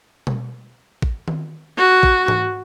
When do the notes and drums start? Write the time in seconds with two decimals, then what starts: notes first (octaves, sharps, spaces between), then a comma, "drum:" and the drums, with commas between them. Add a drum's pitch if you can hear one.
0.27 drum: tom B2
1.02 drum: kick A1
1.28 drum: tom D#3
1.78 F#4
2.03 drum: kick A1
2.28 drum: tom G#2